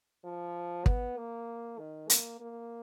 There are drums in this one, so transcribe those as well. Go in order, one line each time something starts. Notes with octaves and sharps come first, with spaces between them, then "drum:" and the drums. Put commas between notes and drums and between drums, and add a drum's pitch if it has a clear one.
F3
B3, drum: kick
A#3
D#3
A#3, drum: hi-hat
A#3